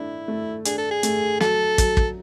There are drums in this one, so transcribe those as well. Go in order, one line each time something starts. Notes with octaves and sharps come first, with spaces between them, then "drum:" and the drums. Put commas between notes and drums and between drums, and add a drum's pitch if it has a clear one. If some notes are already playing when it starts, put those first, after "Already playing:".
Already playing: A3 D4 E4
A3
D4 G#4, drum: hi-hat
A4
G#4
A3, drum: hi-hat
F#3 A4, drum: snare
F#3, drum: kick, hi-hat
drum: kick